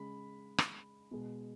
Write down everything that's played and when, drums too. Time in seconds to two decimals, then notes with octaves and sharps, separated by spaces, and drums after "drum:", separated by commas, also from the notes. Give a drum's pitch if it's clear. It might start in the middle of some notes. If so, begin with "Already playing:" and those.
Already playing: C#3 G#3 B5
0.58 drum: rim click
1.11 B2 G#3